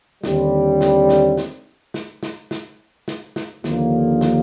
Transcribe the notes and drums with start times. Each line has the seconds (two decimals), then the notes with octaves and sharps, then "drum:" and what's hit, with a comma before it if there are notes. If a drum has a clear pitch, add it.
0.24 D#2 D3 G3 C4, drum: snare
0.81 drum: snare
1.09 drum: snare
1.38 drum: snare
1.94 drum: snare
2.23 drum: snare
2.51 drum: snare
3.08 drum: snare
3.36 drum: snare
3.64 D#2 D3 F3 A#3, drum: snare
4.21 drum: snare